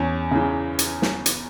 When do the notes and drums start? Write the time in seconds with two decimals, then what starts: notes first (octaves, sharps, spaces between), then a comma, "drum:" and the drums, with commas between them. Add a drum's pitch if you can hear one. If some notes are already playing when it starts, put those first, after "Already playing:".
Already playing: E2 C#4
0.31 C#3 E3
0.79 drum: hi-hat
1.02 drum: snare
1.26 drum: hi-hat